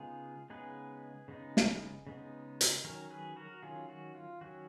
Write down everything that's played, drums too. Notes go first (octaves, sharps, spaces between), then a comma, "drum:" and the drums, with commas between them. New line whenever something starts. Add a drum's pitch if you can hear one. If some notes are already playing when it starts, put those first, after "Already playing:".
Already playing: C#3 G#3 B3 D#4 F4 G#4
C#3 G#3 B3 D#4 G#4 B4
C#3 G#3 B3 D#4
drum: snare
C#3 G#3 B3 D#4
drum: hi-hat
D#3 F#3 C#4 A#4 C#5
G#4 B4
F#4 A#4
D#3 F#3 C#4 F4 G#4
F#4
F4
D#3 F#3 C#4 F#4